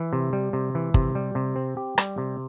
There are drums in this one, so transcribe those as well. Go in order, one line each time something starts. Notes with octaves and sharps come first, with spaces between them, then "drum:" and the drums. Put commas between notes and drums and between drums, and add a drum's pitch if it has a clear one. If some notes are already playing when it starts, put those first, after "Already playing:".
Already playing: E3
C3
G3
C3
E3
C3, drum: kick
G3
C3
C4
G4
G3, drum: rim click
C3